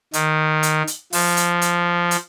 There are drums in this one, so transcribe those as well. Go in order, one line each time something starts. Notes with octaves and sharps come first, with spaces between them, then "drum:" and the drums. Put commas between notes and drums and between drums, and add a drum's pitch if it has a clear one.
D#3, drum: hi-hat
drum: hi-hat
drum: hi-hat
F3, drum: open hi-hat
drum: hi-hat
drum: hi-hat
drum: hi-hat